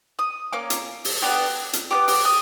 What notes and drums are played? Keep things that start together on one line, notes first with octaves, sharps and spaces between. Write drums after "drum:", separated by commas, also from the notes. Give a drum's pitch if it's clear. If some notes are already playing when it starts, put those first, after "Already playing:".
D#6
A#3 C#4 D6
drum: hi-hat
drum: open hi-hat
B3 D4 G4
drum: hi-hat
B3 D4 G4 D6
D6, drum: open hi-hat
D#6